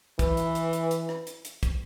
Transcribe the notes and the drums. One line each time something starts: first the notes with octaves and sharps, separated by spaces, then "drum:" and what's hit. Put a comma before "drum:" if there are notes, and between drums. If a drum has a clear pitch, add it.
E3, drum: kick, hi-hat
drum: hi-hat
drum: hi-hat
drum: hi-hat
drum: hi-hat
drum: rim click
drum: hi-hat
drum: hi-hat
drum: kick, hi-hat